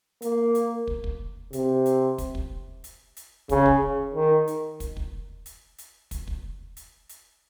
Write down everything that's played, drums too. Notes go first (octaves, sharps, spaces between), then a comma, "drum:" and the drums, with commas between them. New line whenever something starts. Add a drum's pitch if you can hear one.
A#3, drum: hi-hat
drum: hi-hat
drum: kick
drum: kick
C3, drum: hi-hat
drum: hi-hat
drum: kick, hi-hat
drum: kick
drum: hi-hat
drum: hi-hat
C#3, drum: kick, hi-hat
drum: kick
D#3
drum: hi-hat
drum: kick, hi-hat
drum: kick
drum: hi-hat
drum: hi-hat
drum: kick, hi-hat
drum: kick
drum: hi-hat
drum: hi-hat